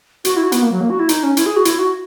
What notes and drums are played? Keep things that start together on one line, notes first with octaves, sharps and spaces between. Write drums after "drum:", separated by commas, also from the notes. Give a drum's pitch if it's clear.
F#4, drum: hi-hat
E4
F#4
B3, drum: hi-hat
A#3
F#3
A#3
F#4
E4
D#4, drum: hi-hat
C#4
E4, drum: hi-hat
G#4
F#4
E4, drum: hi-hat
F#4